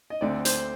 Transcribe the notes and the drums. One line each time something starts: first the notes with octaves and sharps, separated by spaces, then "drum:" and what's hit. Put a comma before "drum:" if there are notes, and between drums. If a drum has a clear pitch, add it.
D#5
D2 D3 A3 C4 D5
C5, drum: hi-hat